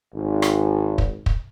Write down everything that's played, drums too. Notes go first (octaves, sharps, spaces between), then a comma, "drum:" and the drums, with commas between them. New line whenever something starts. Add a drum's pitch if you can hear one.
G#1
drum: rim click
drum: kick
drum: kick